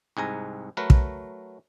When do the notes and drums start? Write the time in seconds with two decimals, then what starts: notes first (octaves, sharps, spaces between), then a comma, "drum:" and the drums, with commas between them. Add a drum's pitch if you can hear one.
0.17 C2 G#2 G#5 A#5
0.77 F#3 A3 A#4 B4
0.90 drum: kick